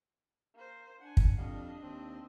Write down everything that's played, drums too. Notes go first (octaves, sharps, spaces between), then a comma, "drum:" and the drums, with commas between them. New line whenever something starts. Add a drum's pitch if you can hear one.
A#3 C5
D4 F#5 G#5
drum: kick
F2 G3 D4 D#5 F5
D#2 C4